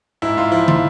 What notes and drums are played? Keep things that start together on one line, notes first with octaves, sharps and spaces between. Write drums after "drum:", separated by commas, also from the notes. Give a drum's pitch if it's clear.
G#2 E4
G#2 F4
F3 E4
F4, drum: tom